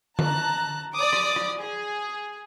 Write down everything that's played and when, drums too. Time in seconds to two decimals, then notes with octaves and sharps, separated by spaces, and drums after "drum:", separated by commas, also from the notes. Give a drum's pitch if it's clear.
0.19 A5 A#5 F#6, drum: tom D3
0.95 D5 D6 D#6
1.13 drum: rim click
1.36 drum: rim click
1.59 G#4